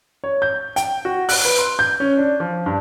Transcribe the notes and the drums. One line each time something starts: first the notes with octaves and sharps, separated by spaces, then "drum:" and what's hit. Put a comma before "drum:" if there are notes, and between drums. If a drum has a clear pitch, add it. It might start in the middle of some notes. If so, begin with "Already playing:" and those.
C#5
G6
G5, drum: hi-hat
F#4
F#6, drum: open hi-hat
B4
C6
G6
C#4
D4
F3
G2